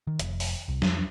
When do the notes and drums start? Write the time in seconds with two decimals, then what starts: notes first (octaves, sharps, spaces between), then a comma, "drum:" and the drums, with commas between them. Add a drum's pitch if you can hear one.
0.07 D#3
0.19 F1, drum: hi-hat
0.40 drum: open hi-hat
0.68 C2
0.82 F2, drum: snare